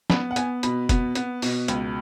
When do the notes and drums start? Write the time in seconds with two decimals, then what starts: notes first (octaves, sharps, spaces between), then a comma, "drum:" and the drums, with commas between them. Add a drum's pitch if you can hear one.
0.10 B3 B5, drum: snare
0.31 F#5
0.36 B3 G#5, drum: hi-hat
0.63 B2 B5, drum: hi-hat
0.89 B3, drum: kick F1, hi-hat
1.15 B3, drum: hi-hat
1.42 B2, drum: open hi-hat
1.68 C#2, drum: hi-hat